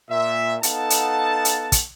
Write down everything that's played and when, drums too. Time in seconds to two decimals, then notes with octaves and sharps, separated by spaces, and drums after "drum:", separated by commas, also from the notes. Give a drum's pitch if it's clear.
0.10 A#2 E5
0.63 B3 D#4 A4 F5 F#5 A5, drum: hi-hat
0.90 drum: hi-hat
1.45 drum: hi-hat
1.72 drum: kick, hi-hat